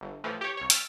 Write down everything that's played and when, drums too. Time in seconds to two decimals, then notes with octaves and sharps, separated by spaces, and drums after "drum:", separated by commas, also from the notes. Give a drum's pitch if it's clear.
0.01 G1
0.24 A2 E3 F3
0.41 G4 C#5
0.57 C2 C#5
0.70 E6 F6 A6 B6, drum: hi-hat